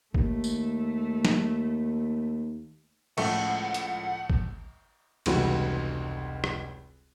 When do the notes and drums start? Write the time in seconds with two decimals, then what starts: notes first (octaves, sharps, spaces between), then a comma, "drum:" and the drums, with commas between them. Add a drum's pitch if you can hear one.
0.14 D#2 A3, drum: kick
0.44 drum: tambourine
1.25 drum: snare G3
3.18 C#2 A2 F3 A3 F#5, drum: cymbal
3.74 drum: hi-hat
4.30 drum: kick
5.26 F1 C#2 E3 G3 F#4, drum: cymbal
6.44 drum: rim click